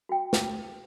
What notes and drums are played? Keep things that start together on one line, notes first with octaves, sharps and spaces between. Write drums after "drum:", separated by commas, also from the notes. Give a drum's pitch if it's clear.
F#4 G5
drum: snare